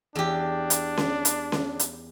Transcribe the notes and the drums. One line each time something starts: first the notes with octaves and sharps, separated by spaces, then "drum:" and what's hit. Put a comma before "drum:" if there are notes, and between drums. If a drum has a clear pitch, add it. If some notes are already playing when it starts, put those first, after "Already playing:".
E2 D4 G4
drum: hi-hat
drum: snare C#4
drum: hi-hat
drum: snare C#4
drum: hi-hat